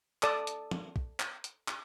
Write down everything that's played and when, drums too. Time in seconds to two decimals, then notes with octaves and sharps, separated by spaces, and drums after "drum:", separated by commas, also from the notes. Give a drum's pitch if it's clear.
0.23 A4 D5 A5 D#6, drum: clap
0.47 drum: hi-hat
0.71 drum: tom
0.96 drum: kick
1.20 drum: clap
1.44 drum: hi-hat
1.68 drum: clap